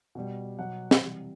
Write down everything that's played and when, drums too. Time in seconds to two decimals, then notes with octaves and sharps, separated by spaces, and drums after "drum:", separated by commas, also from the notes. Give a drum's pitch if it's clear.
0.15 B2 G3
0.58 B2 F#3 F#5
0.91 drum: snare
1.02 C3 E3 G3